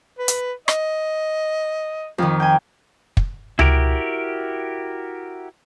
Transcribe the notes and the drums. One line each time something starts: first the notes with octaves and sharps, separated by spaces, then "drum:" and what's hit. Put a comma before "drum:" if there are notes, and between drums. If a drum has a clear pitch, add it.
B4
drum: hi-hat
D#5, drum: rim click
F2 D#3
G5 G#5
drum: kick
E4 F#4 G4 A#4, drum: tom C#2